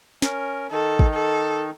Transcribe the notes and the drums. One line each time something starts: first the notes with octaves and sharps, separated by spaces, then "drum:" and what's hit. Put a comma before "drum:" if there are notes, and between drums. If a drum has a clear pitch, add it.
C#4 A#4, drum: snare
D#3 D#4 A4
drum: kick G#1
A4